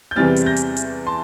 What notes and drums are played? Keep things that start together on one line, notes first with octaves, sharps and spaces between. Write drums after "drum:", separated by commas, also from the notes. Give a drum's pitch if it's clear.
G6
E2 C3 E3 G3 C4 F6 A6
drum: hi-hat
G6 A#6
drum: hi-hat
drum: hi-hat
A5 C6